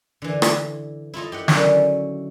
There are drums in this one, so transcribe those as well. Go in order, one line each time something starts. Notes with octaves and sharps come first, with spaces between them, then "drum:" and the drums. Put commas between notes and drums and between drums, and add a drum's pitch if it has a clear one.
D3 E3
drum: rim click
E4 F4 A4 D#5
G4 D#5 F#5
D3 D#3 F#3 G3 C#4 E4, drum: snare